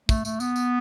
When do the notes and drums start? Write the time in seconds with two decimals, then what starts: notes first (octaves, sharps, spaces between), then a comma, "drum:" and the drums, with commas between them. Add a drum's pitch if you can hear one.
0.09 A3, drum: kick, tambourine
0.25 A3, drum: tambourine
0.40 B3, drum: tambourine
0.56 drum: tambourine